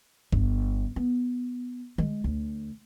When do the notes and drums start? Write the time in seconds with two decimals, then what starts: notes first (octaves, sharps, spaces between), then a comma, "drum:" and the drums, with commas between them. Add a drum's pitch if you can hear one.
0.32 G1, drum: kick A#1
0.96 B3
1.98 G#3, drum: tom D3
2.24 D2